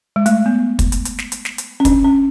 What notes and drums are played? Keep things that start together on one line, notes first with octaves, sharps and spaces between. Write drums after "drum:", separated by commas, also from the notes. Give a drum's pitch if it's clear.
G#3
A3, drum: hi-hat
B3
drum: kick, hi-hat
drum: hi-hat
drum: hi-hat
drum: snare
drum: hi-hat
drum: snare
drum: hi-hat
C#4
D4, drum: kick, hi-hat
C#4